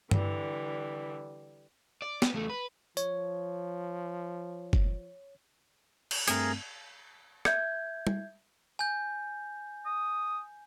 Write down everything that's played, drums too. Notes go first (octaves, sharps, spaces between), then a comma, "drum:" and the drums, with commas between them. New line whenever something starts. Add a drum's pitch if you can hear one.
D3 E3 G3, drum: tom G2
D5
B3, drum: snare
E2 A3
B4
F3 C#5, drum: tambourine
drum: kick F#1
drum: cymbal
G2 A3 C4 G#4 A#4, drum: hi-hat
E5 G6 G#6, drum: rim click
drum: tom G3
G#5 G6
D#6